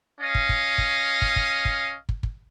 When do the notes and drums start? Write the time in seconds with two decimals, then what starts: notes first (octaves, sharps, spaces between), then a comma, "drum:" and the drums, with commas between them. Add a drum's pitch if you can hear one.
0.20 C#4 D#5 F5
0.35 drum: kick
0.49 drum: kick
0.78 drum: kick
1.22 drum: kick
1.36 drum: kick
1.65 drum: kick
2.09 drum: kick
2.23 drum: kick